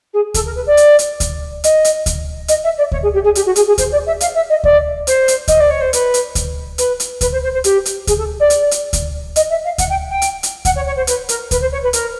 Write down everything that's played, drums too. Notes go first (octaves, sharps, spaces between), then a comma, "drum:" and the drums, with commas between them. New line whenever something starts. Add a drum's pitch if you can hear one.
G#4
A4, drum: kick D2, hi-hat
A#4
B4
D5
drum: hi-hat
drum: hi-hat
drum: kick D2, hi-hat
D#5, drum: hi-hat
drum: hi-hat
drum: kick D2, hi-hat
D#5, drum: hi-hat
E5
D5
C#5, drum: kick D2
G#4
G4
G#4
G4, drum: hi-hat
F#4
G#4, drum: hi-hat
G#4
C5, drum: kick D2, hi-hat
D5
E5
F5, drum: hi-hat
E5
D#5
D5, drum: kick D2
C5, drum: hi-hat
drum: hi-hat
D#5, drum: kick D2, hi-hat
D5
C#5
C5
B4, drum: hi-hat
drum: hi-hat
drum: kick D2, hi-hat
B4, drum: hi-hat
drum: hi-hat
B4, drum: kick D2, hi-hat
C5
C5
C5
G4, drum: hi-hat
drum: hi-hat
G#4, drum: kick D2, hi-hat
A4
D5
drum: hi-hat
drum: hi-hat
drum: kick D2, hi-hat
D#5, drum: hi-hat
E5
F5
F#5, drum: kick D2, hi-hat
G5
G5
drum: hi-hat
drum: hi-hat
F#5, drum: kick D2, hi-hat
C#5
C#5
C5
B4, drum: hi-hat
A#4, drum: hi-hat
B4, drum: kick D2, hi-hat
C5
C#5
B4
A#4, drum: hi-hat